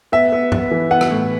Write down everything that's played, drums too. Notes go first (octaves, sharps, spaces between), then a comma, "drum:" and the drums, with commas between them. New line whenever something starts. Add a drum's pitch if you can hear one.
B3 E5
B3
B3, drum: tom G2
E3
B3 F#5
drum: rim click
A2